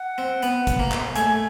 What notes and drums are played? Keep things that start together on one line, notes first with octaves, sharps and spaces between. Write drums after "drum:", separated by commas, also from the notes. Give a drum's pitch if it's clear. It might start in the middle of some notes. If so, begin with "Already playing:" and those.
Already playing: F#5
C4
B3, drum: hi-hat
drum: kick, hi-hat
A#3
drum: clap
A3 G#5, drum: hi-hat